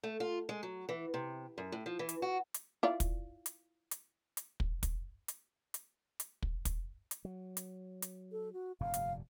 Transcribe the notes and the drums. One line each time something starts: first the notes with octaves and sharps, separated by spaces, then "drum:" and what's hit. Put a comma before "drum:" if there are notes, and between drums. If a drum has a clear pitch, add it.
A3
F4
G#3
F#3
E3
C3
F#2
A2
F3
E3
drum: hi-hat
F#4
drum: hi-hat
E4 F4 D5
drum: kick, hi-hat
drum: hi-hat
drum: hi-hat
drum: hi-hat
drum: kick
drum: kick, hi-hat
drum: hi-hat
drum: hi-hat
drum: hi-hat
drum: kick
drum: kick, hi-hat
drum: hi-hat
F#3
drum: hi-hat
drum: hi-hat
A4
F#4
F1 G2 A#2 F5
drum: hi-hat